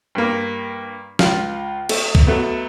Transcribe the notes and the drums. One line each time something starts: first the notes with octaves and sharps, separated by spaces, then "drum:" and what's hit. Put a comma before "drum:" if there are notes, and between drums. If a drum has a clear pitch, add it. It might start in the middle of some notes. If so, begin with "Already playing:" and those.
G2 A#3
C#2 F4 F5, drum: snare
A3, drum: cymbal
drum: kick C2
F#3 A3 B3